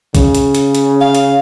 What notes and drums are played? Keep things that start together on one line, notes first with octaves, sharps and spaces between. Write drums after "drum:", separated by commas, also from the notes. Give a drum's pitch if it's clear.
C#3, drum: kick A#1, hi-hat
drum: hi-hat
drum: hi-hat
drum: hi-hat
F5
drum: hi-hat